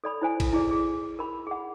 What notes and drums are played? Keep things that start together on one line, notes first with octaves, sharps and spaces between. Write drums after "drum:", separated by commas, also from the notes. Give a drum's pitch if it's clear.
A4 D5 B5
E4 C5 G#5
drum: kick, cymbal
E4 G#4 D5
G#4
A#4 B5
G#4 F#5